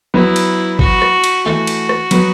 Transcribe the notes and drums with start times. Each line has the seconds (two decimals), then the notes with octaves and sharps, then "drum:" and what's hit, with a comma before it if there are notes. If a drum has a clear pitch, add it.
0.14 F#3 B3 E4
0.36 drum: cymbal
0.79 F#4, drum: kick G1
1.02 drum: rim click
1.24 drum: cymbal
1.46 E3 A3 F#4
1.67 drum: cymbal
1.89 drum: rim click
2.11 F#3 B3, drum: cymbal